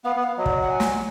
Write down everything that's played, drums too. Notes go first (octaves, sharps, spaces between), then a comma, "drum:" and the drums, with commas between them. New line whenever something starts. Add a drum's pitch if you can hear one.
B3 F5
B3
F5
F#3 D#5
D5, drum: kick
D#5
F#5
G#5
drum: snare